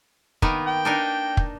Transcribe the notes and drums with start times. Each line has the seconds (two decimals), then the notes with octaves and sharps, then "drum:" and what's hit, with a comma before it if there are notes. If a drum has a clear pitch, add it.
0.42 D#3 A#3 B3, drum: kick
0.67 G5
0.85 D4 D#4 A#4
1.37 drum: kick